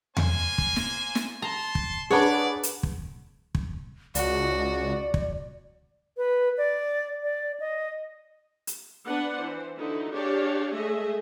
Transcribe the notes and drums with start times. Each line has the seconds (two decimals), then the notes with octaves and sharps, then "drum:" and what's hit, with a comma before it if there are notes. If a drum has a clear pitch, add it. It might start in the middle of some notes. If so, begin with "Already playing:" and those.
0.17 A#3 C5 G#5, drum: tom E2
0.58 drum: kick
0.76 drum: snare
1.15 drum: snare
1.42 A5 A#5 C6
1.75 drum: kick
2.11 D4 G#4 A#4 B4 C#5 D5 F#5
2.63 drum: hi-hat
2.83 drum: kick
3.55 drum: kick
4.15 C#2 F#4 D5, drum: hi-hat
5.14 drum: kick
6.17 B4
6.57 D5
7.22 D5
7.60 D#5
8.67 drum: hi-hat
9.06 B3 D4 B4 F#5
9.37 E3 C5
9.76 D3 D#4 E4 F#4
10.14 D4 G4 G#4 C#5 D5 F5
10.73 G#3 A3 G#4 D#5 E5